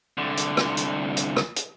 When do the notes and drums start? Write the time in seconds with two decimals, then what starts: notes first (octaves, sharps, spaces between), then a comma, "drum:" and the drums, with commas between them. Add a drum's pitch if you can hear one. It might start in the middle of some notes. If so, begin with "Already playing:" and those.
0.18 C2 D3
0.37 drum: hi-hat
0.57 drum: rim click
0.77 drum: hi-hat
1.17 drum: hi-hat
1.36 drum: rim click
1.56 drum: hi-hat